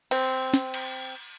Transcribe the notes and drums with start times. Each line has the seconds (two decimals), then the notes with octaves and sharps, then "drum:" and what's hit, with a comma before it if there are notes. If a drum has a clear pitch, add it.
0.11 C4, drum: cymbal
0.54 drum: snare
0.74 drum: cymbal